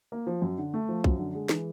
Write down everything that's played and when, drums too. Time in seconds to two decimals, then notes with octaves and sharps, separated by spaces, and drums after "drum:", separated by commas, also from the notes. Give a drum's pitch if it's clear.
0.12 A#3
0.27 F3
0.42 F#2
0.58 D3
0.74 A3
0.89 F3
1.04 F#2, drum: kick B1
1.18 D3
1.35 G#3
1.49 E3, drum: snare